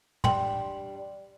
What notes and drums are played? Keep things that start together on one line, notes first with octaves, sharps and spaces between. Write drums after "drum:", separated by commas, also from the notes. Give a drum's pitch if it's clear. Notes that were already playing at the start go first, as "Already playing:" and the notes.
G3 D4 G5 C6, drum: tom